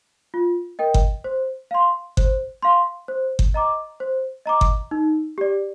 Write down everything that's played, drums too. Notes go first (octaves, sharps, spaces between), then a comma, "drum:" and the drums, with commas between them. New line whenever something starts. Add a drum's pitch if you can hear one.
F4
A#4 D#5 G5
drum: kick G1
C5
F5 C6
C5, drum: kick G1
F5 C6
C5
drum: kick G1
D#5 A#5 D6
C5
D#5 A#5 D6
drum: kick G1
D#4
G4 D5